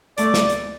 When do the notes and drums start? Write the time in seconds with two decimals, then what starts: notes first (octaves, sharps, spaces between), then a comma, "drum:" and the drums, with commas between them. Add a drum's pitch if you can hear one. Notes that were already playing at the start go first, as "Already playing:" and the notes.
0.18 A3 A4 D5, drum: hi-hat
0.34 drum: snare
0.50 drum: hi-hat